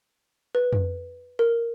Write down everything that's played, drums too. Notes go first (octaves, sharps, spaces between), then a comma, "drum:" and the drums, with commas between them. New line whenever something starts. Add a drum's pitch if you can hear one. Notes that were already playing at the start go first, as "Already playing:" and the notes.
B4
drum: tom F2
A#4